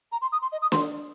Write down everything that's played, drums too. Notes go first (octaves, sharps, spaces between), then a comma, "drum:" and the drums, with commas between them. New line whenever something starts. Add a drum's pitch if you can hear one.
A#5
C6
D#6
C6
D#5
D#6
C6, drum: snare